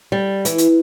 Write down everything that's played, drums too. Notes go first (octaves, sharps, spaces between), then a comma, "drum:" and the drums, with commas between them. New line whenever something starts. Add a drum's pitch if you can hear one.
G3
E3, drum: hi-hat
drum: hi-hat